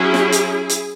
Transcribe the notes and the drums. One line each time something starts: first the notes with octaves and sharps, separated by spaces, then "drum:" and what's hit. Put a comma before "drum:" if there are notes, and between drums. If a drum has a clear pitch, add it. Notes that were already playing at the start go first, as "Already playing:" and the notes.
Already playing: F#3 C#4 E4 G#4
drum: snare
drum: hi-hat
drum: hi-hat